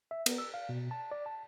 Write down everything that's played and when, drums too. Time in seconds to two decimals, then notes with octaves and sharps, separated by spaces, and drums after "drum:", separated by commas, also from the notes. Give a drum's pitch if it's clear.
0.11 E5
0.26 B3, drum: cymbal
0.38 E6
0.54 F5
0.69 B2
0.91 A5
1.11 D5
1.26 A5